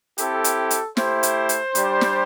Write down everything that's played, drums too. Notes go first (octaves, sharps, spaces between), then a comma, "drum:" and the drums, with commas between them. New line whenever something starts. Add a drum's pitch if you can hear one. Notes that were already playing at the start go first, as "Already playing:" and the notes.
C4 E4 G4 A4, drum: hi-hat
drum: hi-hat
drum: hi-hat
A3 E4 G4 C5, drum: snare
drum: hi-hat
drum: hi-hat
G3 D4 G4, drum: hi-hat
drum: snare